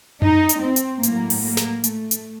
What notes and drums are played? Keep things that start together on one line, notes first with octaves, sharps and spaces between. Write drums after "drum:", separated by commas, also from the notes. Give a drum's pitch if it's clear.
D#4, drum: tom F#2
drum: hi-hat
C4
drum: hi-hat
A2 F#3 A#3, drum: hi-hat
drum: open hi-hat
A#3
drum: snare
A3, drum: hi-hat
drum: hi-hat